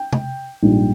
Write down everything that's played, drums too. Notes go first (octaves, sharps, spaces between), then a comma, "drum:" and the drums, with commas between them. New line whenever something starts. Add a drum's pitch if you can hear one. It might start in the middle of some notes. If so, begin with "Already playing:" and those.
Already playing: G5
drum: tom
A#1 G#2 G3